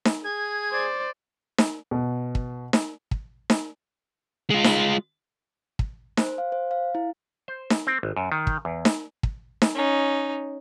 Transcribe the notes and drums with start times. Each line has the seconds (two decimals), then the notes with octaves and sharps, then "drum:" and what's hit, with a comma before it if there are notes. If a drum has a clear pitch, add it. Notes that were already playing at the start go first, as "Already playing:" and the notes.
0.05 drum: snare D#4
0.24 G#4 G#6
0.72 C5 D5
1.58 drum: snare D#4
1.91 B2
2.35 drum: kick
2.73 drum: snare D#4
3.11 drum: kick
3.50 drum: snare D#4
4.50 G#3 F4
4.64 drum: snare D#4
5.79 drum: kick
6.17 C5, drum: snare D#4
6.38 F5
6.52 C5
6.71 F5
6.95 E4
7.48 C5
7.70 drum: snare D#4
7.87 C4
8.03 G#1
8.17 F#2
8.32 D#3
8.47 drum: kick
8.65 E2
8.85 drum: snare D#4
9.23 drum: kick
9.62 drum: snare D#4
9.75 C#4 D#4